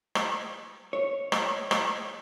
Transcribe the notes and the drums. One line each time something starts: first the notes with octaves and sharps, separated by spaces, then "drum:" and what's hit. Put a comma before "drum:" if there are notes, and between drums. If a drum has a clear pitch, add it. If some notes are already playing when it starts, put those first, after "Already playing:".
drum: rim click
C#5
drum: rim click
drum: rim click